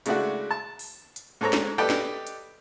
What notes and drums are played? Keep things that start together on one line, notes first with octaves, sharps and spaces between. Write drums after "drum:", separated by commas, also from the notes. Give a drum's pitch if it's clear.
C#3 G#3 A3 D4 E4 F#4, drum: hi-hat
A5
drum: open hi-hat
drum: hi-hat
G#2 C4 A4 C#5 A#5
drum: snare
G4 A4 B4 D5 D#5 G5
drum: snare
drum: hi-hat